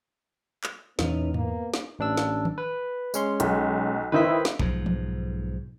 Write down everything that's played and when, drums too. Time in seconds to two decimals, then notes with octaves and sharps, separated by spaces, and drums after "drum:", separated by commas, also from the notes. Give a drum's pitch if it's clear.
0.64 drum: clap
0.99 E2 A#2 E3 B3 C#4 D#4, drum: snare
1.34 A#3 B3, drum: tom G#2
1.74 drum: snare
1.99 A1 D4 E6
2.17 drum: snare
2.45 drum: tom D#3
2.58 B4
3.14 G#3 C#4 C6, drum: tambourine
3.40 B1, drum: hi-hat
4.12 D#3 D#4 E4 B4 C5 B6
4.45 drum: snare
4.60 B1 G#2 F3, drum: kick
4.86 drum: tom